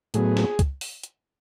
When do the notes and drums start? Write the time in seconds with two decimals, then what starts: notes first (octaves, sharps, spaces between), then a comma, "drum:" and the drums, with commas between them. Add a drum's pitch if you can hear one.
0.14 A2 F#3 B3 G#4, drum: hi-hat
0.37 drum: snare
0.59 drum: kick C#2, hi-hat
0.81 drum: open hi-hat
1.03 drum: hi-hat